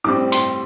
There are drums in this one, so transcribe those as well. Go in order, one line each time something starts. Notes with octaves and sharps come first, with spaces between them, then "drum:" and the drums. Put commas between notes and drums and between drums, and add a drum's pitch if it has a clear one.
A2 G3 C4 D6
C6, drum: hi-hat